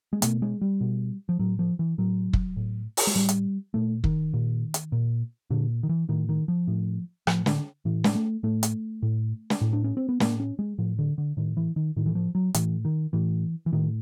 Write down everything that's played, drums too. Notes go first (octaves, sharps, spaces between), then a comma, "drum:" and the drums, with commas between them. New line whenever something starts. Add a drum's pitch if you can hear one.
G#3
B2 A3, drum: hi-hat
G#3
G3
B2
F3
A2 F#3
F3
E3
A2 F#3
drum: kick
A2
drum: open hi-hat
G#3
A2 G3
drum: hi-hat
A#2 A3
D#3, drum: kick
A#2
drum: hi-hat
A#2
A#2 D3
D#3
E3
A2 D#3
D#3
F3
A2
A2 F3, drum: rim click
D3, drum: snare
A2 E3
G#3, drum: snare
A3
A2 A3
drum: hi-hat
A2
drum: snare
A2
D4
C#4
C4
B3
A2 A#3, drum: snare
C#4
G#3
A2 F3
D3
D3
A2 D#3
E3
D#3
A2 D#3
E3
F3
F#3
A2 E3, drum: hi-hat
D#3
A2 E3
E3
A2 D#3